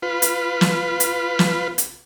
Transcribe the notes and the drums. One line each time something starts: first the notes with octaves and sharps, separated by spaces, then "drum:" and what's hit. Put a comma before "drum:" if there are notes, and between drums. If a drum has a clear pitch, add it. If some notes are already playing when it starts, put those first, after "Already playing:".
F4 B4
drum: hi-hat
drum: snare
drum: hi-hat
drum: snare
drum: hi-hat